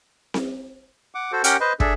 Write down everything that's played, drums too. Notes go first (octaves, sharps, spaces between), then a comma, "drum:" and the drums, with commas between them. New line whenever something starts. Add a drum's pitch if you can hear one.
drum: snare C4
F#5 D6
F#4 A4 C5
C#4 G4 A#4 F#5 G5, drum: hi-hat
B4 C5 D#5
D4 G#4 A4 E5, drum: kick